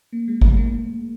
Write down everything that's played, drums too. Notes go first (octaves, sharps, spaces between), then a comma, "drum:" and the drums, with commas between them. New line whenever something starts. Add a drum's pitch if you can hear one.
A#3
G#3
A3, drum: kick
A#3